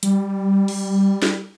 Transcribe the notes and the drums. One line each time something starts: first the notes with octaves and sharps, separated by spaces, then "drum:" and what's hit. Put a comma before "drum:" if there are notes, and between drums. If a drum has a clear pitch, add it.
G3, drum: hi-hat
drum: cymbal
drum: snare